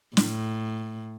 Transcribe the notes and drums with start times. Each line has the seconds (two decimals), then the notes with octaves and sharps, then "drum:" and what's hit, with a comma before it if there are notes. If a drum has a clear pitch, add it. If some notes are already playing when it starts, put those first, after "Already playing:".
0.17 A2, drum: snare